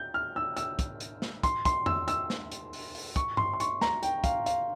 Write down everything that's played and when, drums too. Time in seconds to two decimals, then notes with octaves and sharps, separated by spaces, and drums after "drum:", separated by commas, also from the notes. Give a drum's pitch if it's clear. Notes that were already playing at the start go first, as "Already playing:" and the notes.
Already playing: G6
0.14 F6
0.36 E6
0.57 E6, drum: hi-hat
0.79 drum: kick, hi-hat
1.00 drum: hi-hat
1.22 drum: snare
1.43 C6, drum: kick, hi-hat
1.65 C6, drum: kick, hi-hat
1.86 E6, drum: tom F2
2.08 E6, drum: hi-hat
2.30 drum: snare
2.51 drum: hi-hat
2.73 drum: open hi-hat
2.95 drum: open hi-hat
3.16 C#6, drum: kick, hi-hat
3.37 C6, drum: tom G2
3.53 C6
3.60 C#6, drum: hi-hat
3.81 A#5, drum: snare
4.03 G5, drum: hi-hat
4.24 F5, drum: kick, hi-hat
4.46 F5, drum: hi-hat